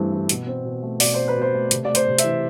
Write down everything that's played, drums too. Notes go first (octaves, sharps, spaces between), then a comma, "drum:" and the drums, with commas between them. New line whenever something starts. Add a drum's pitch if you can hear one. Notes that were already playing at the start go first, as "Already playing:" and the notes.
Already playing: G2 E3 A3 C4
E3
B2, drum: hi-hat
C4
B2
A3
B2 D5, drum: open hi-hat
C4 C5
B4
B2
C5
A3
C3, drum: hi-hat
A3 D5
C5, drum: hi-hat
C3
E5, drum: hi-hat
E3